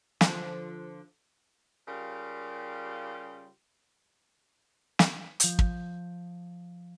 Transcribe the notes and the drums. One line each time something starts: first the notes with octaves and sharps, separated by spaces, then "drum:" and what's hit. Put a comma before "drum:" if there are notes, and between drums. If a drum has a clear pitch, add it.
D3 F3, drum: snare
C#3 G3 F4 G4 A#4
drum: snare
F3 G6, drum: hi-hat
drum: kick